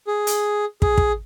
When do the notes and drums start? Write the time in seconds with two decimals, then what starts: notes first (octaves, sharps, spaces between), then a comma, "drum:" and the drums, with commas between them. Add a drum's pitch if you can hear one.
0.07 G#4
0.27 drum: hi-hat
0.82 G#4, drum: kick
0.98 drum: kick